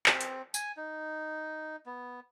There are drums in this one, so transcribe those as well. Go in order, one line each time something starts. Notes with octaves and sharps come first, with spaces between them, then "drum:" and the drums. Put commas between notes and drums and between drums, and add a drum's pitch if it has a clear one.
C4, drum: clap
drum: hi-hat
G#5, drum: tambourine
D#4
B3